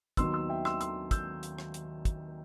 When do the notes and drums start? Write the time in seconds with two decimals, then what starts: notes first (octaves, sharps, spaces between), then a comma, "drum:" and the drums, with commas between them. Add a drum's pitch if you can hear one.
0.17 D#2 D#3 F#3 B3 C6 E6, drum: kick, hi-hat
0.33 C6 E6
0.49 E5 G5
0.65 C6 E6, drum: rim click
0.81 C6 E6, drum: hi-hat
1.11 E6 G6, drum: kick, hi-hat
1.43 drum: hi-hat
1.59 drum: rim click
1.74 drum: hi-hat
2.05 drum: kick, hi-hat